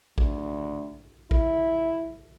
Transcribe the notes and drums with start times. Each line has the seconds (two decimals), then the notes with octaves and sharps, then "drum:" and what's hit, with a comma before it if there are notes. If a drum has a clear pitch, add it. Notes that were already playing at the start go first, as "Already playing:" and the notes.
0.18 D2, drum: kick A#1
1.31 E4, drum: kick A#1